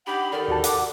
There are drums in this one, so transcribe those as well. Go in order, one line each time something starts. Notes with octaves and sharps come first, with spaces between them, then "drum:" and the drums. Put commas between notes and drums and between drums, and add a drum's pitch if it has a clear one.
D4 D#4 G4 F#5 B5
D#3 G4 A4 D5
D#2 F#4 A5
F#5 D6, drum: hi-hat